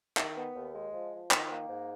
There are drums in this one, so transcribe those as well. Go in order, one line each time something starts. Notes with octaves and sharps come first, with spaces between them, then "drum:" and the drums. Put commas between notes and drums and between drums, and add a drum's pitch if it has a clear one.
D#3, drum: clap
B3
D#2
G#3
F3
F3
D#3, drum: clap
A#3
G#2